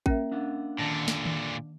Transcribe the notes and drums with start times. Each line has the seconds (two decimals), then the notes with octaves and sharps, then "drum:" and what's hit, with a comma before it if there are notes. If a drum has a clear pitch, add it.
0.06 A#3 C#4 A#4 E5, drum: kick A1
0.32 D4 F5 F#5
0.78 A#2 D3 D#3 A5 A#6
1.08 drum: snare
1.26 drum: tom D#3